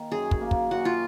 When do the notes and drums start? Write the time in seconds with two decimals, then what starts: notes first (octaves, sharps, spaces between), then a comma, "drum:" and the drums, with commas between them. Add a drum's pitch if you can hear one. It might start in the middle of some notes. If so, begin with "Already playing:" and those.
Already playing: D#3 A#3
0.12 F#2 G#4
0.31 drum: kick
0.41 A#3
0.51 drum: kick
0.71 F#2 F#4
0.85 F4